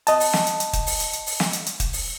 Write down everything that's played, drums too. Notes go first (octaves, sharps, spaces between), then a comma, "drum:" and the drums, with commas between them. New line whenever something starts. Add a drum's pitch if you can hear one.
D#5 A5, drum: hi-hat
drum: open hi-hat
drum: snare
drum: hi-hat
drum: hi-hat
drum: kick, hi-hat
drum: open hi-hat
drum: hi-hat
drum: hi-hat
drum: open hi-hat
drum: snare
drum: hi-hat
drum: hi-hat
drum: kick, hi-hat
drum: open hi-hat